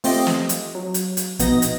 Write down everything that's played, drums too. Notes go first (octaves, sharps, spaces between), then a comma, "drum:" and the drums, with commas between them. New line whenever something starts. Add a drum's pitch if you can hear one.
A3 C4 F4 G4 D#5, drum: open hi-hat
drum: snare
drum: hi-hat
F#3
drum: hi-hat
drum: hi-hat
A#1 B2 B3 D#4 D#5 A#6, drum: hi-hat
drum: hi-hat